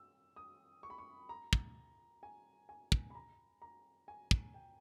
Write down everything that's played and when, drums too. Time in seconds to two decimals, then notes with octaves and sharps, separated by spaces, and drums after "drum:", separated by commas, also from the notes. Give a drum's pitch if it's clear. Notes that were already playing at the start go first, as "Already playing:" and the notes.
Already playing: E6
0.36 D#6
0.83 C#6
0.90 B5
0.98 C#6
1.29 A#5
1.53 drum: kick
2.23 G#5
2.69 G#5
2.92 drum: kick
3.10 B5
3.15 A#5
3.62 A#5
4.08 G#5
4.31 drum: kick
4.54 G5